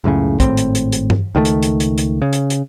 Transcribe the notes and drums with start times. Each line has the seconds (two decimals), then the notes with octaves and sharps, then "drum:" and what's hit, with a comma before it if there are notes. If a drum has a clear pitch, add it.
0.04 C#2 F#2 A2 C#3
0.40 G#1 A2 C4, drum: kick, hi-hat
0.57 drum: hi-hat
0.75 drum: hi-hat
0.92 drum: hi-hat
1.10 drum: tom G2
1.35 C#2 D#3 F3 A3
1.45 drum: hi-hat
1.63 drum: hi-hat
1.80 drum: hi-hat
1.98 drum: hi-hat
2.22 C#3
2.33 drum: hi-hat
2.50 drum: hi-hat